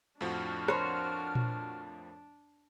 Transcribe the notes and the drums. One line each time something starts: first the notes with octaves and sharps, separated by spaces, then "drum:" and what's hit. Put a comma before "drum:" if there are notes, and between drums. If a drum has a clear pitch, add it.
F2 A2 F3 D4 F#4 F6
A#4 C5 C#5, drum: rim click
drum: tom A#2